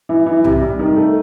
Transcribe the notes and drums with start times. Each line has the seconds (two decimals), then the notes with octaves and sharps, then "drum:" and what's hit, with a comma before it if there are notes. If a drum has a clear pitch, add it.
0.09 E3
0.26 E3
0.44 C3, drum: tom B1
0.62 G3
0.79 D#3
0.96 A3